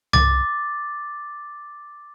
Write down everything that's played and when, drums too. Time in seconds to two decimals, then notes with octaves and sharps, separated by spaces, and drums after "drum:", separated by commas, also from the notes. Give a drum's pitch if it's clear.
0.13 D6 A6, drum: tom C2